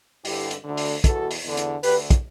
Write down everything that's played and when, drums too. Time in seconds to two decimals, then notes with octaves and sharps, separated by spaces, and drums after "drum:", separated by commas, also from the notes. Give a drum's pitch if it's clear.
0.25 G2 D3 E4 G4, drum: open hi-hat
0.51 drum: hi-hat
0.64 D2 D3
0.77 drum: open hi-hat
1.04 E2 B2 F#4 A4, drum: kick, hi-hat
1.31 drum: open hi-hat
1.44 E2 D3
1.57 drum: hi-hat
1.83 D2 D3 G4 B4, drum: open hi-hat
2.10 drum: kick, hi-hat